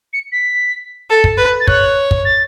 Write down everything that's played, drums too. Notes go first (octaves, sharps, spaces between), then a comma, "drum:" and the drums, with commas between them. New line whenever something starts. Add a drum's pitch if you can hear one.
C#7
B6
A4
drum: kick
B4
A6
C#5 F#6, drum: kick
drum: kick
A6